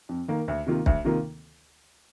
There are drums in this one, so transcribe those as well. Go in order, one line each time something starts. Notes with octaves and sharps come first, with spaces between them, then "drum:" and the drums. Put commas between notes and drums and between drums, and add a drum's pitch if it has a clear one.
F2
D#3 A#3
D2
C3 D#3 A#3 F4
D2, drum: kick
C3 D#3 A#3 F4